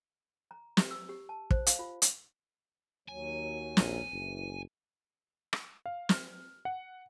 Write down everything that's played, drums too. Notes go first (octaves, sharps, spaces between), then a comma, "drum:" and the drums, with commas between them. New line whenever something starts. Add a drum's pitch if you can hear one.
A#5
G4, drum: snare
E6
G4
A5
C5, drum: kick
F5, drum: hi-hat
F4
drum: hi-hat
D#2 F#3 G#5
A#1, drum: snare
F#1 E3
drum: rim click
F5
F6, drum: snare
F#5